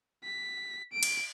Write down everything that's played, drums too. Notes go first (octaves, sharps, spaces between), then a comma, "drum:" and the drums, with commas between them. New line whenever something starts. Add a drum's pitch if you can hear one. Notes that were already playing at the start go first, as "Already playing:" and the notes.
B6
D7
drum: cymbal